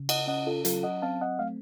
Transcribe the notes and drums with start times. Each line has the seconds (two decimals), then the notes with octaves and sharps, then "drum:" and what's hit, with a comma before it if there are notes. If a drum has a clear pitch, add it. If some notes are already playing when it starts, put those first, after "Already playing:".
Already playing: C#3
0.09 D#5 F#5, drum: cymbal
0.28 C#4 D#5 F#5
0.47 F4 A4
0.65 F#3 F4 A4, drum: hi-hat
0.83 D#5 F#5
1.02 C4 F5 A5
1.21 D#5 F#5
1.39 A3 F5